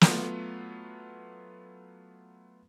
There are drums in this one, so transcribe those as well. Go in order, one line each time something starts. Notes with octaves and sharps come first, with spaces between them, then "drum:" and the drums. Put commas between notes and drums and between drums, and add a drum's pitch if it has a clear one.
F#3 A3 B3 F4, drum: snare